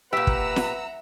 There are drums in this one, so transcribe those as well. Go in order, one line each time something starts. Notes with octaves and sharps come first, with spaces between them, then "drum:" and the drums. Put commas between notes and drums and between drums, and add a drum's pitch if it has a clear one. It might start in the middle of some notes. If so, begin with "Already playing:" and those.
A#2 G4 B4 E5 F#5 A#5 E6
drum: kick
drum: snare